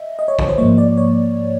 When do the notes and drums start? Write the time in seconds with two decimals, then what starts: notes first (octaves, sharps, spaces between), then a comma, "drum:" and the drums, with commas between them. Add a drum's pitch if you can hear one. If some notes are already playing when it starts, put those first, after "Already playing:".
Already playing: D#5 E5
0.19 D#5
0.28 C#5
0.39 C#5, drum: kick A1
0.48 C5
0.58 G#2 F3 A#3 C#5
0.78 D5
0.97 C#5